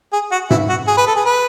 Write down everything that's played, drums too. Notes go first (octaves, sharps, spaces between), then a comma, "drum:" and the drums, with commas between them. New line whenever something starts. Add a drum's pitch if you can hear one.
G#4
F#4
E4, drum: tom G#2
F#4
G#4
B4
A4
G#4
B4